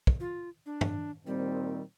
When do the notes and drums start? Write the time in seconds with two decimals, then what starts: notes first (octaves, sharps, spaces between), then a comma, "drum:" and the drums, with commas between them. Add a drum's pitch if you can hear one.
0.07 drum: kick
0.20 F4
0.66 D4
0.81 drum: tom
1.27 A#2 D#3 G3 C4